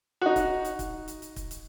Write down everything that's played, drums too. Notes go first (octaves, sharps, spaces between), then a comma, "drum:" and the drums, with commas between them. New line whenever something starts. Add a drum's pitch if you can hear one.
D#4 F#4
drum: kick, hi-hat
drum: hi-hat
drum: kick, hi-hat
drum: hi-hat
drum: hi-hat
drum: kick, hi-hat
drum: hi-hat